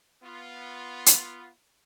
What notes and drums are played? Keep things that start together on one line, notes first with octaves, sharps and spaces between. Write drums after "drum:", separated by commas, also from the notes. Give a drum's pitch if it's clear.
B3 F4
drum: hi-hat